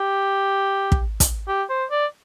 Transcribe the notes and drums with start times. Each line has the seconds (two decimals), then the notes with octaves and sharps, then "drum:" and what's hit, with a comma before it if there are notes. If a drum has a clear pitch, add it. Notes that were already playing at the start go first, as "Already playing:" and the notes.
Already playing: G4
0.92 drum: kick
1.20 drum: kick, hi-hat
1.48 G4
1.70 C5
1.91 D5